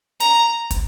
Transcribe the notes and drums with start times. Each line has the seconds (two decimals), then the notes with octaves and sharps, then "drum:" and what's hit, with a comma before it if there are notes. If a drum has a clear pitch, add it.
0.20 A#5, drum: hi-hat
0.71 drum: kick, hi-hat